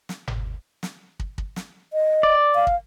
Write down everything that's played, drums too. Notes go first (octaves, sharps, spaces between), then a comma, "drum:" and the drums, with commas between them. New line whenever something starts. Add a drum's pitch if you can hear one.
drum: snare
drum: tom G1
drum: snare
drum: kick
drum: kick
drum: snare
D#5
D5
F5
drum: kick